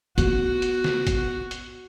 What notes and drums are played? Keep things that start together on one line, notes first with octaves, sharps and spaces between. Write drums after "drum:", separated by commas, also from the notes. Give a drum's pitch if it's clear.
B3 F#4, drum: kick, hi-hat
drum: hi-hat
drum: snare
drum: kick, hi-hat
drum: hi-hat